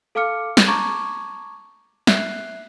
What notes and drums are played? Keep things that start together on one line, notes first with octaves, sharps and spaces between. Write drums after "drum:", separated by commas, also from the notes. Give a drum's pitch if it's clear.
A4 F5 A5 D6 F6 C#7
drum: snare
A5 A#5 C#6 D6 G#6
E5 F#6 C7, drum: snare